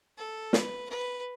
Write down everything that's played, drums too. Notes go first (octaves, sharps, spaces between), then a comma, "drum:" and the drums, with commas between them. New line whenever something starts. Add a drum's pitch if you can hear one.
A4
B4, drum: snare
B4